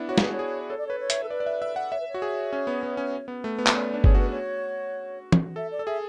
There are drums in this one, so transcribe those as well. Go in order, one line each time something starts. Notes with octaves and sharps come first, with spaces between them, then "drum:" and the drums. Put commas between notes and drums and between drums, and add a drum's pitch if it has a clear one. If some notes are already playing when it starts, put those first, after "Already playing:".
Already playing: B3 D4 E4
F#4 C#5
G#4 B4, drum: snare
F#4 C#5
G#4
A4 C#5
D5
B4 C#5
C#5
E5, drum: hi-hat
A4
B4 D5
D5
E5
E5
F#5
C#5 E5
B4
C#5
F#4
G#4
C#4
B3
B3
C#4
B3
A3
B3
E5, drum: clap
C#4 D5
D4
G#4 C#5, drum: kick G1
F#4 B4
C#5
drum: tom
A4 E5
D5
A4
G#4 E5